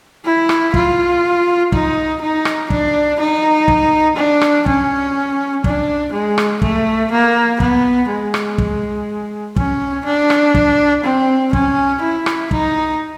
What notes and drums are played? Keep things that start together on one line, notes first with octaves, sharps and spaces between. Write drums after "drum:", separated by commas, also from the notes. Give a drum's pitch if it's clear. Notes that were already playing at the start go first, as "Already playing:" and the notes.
E4
drum: rim click
F4, drum: kick
D#4, drum: kick
D#4
drum: rim click
D4, drum: kick
D#4
drum: kick
D4
drum: rim click
C#4, drum: kick
D4, drum: kick
G#3
drum: rim click
A3, drum: kick
A#3
B3, drum: kick
G#3
drum: rim click
drum: kick
C#4, drum: kick
D4
drum: rim click
drum: kick
C4
C#4, drum: kick
E4
drum: rim click
D#4, drum: kick